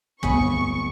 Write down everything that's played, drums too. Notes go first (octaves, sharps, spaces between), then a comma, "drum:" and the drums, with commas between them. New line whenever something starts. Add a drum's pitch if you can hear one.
D1 G1 G#4 B5 C#6, drum: kick